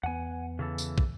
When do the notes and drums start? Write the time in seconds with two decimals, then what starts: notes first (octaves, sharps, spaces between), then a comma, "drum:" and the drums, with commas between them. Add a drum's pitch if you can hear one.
0.03 E2 B3 F#5 G#5
0.59 C#3 E3 A4
0.78 drum: tambourine
0.98 drum: kick